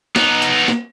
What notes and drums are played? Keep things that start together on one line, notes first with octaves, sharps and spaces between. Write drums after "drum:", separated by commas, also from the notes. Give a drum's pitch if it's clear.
B3 D#4, drum: snare
drum: hi-hat
drum: snare